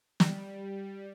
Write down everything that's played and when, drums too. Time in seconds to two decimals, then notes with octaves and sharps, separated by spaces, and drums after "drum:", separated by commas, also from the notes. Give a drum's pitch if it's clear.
0.20 G3, drum: snare